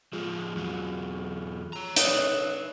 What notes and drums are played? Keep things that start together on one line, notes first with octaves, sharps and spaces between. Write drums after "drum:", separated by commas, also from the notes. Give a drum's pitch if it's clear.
F3 G#3 F4 G#4
E2 F#3
C#5 A#5
D#4 B4 C#5 D#6 F#6, drum: hi-hat